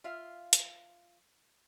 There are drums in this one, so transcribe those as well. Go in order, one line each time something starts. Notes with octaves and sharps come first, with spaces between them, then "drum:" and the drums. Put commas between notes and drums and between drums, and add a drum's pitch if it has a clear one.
F4 E5 F5
drum: hi-hat